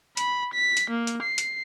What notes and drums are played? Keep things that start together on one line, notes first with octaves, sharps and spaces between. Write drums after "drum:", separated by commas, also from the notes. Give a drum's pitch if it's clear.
B5, drum: hi-hat
B6
drum: hi-hat
A#3
drum: hi-hat
C7
drum: hi-hat